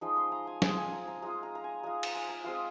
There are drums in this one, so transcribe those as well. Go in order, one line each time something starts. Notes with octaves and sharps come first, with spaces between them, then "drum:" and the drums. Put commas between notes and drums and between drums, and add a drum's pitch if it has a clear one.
F3 G#3 D#4
C6
A#5
G#5
G#3 C4 F4 G#5, drum: snare
G#5
A#5
A#5
G#3 F4 A#5
A#5
A#5
G#5
G#3 F4 A#5
drum: cymbal
G#5
A#5
G#3 C4 F4 C6